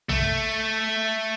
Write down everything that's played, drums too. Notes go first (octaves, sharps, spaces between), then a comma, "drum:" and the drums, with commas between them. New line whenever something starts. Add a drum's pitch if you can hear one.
A3, drum: tom A#1